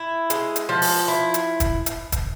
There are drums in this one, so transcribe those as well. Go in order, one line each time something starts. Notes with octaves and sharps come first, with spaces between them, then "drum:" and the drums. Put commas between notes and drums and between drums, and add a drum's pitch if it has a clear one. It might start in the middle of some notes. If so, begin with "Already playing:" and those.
Already playing: E4
G#3, drum: hi-hat
drum: hi-hat
F3
drum: open hi-hat
E4
drum: hi-hat
drum: kick, hi-hat
drum: hi-hat
drum: kick, hi-hat